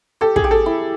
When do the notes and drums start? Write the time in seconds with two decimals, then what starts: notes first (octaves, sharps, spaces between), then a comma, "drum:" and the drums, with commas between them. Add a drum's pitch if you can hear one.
0.21 G4 A4
0.36 G#4, drum: kick
0.44 G4
0.51 A4
0.66 E4